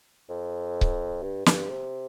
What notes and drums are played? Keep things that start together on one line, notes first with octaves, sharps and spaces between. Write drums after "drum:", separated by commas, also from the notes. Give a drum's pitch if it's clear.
F2
drum: kick C#1
G2
G2, drum: snare
C3